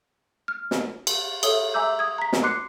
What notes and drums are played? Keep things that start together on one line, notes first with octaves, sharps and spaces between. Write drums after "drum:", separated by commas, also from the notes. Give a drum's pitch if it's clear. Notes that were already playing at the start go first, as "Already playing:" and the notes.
F6
drum: snare
drum: cymbal
A4 C#5 E5 D#6 G7, drum: cymbal
E5 G#5 A#5 D6 E6 G6
D#6 G#6
A#5 B6
drum: snare
C6 D6 F#6 C7 C#7